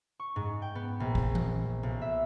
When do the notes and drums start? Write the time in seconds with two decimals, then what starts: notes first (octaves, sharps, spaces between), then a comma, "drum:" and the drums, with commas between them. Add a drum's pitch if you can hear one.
0.20 C#6
0.36 G#2
0.62 G5
0.75 B3
1.00 A#1
1.15 drum: kick
1.35 drum: tom E3
1.83 B1
2.01 E5